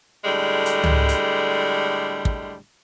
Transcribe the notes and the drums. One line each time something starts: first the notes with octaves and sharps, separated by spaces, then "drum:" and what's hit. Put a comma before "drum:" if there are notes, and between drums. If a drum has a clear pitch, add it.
A2 D3 G3 G#3
drum: hi-hat
drum: tom C#2
drum: hi-hat
drum: kick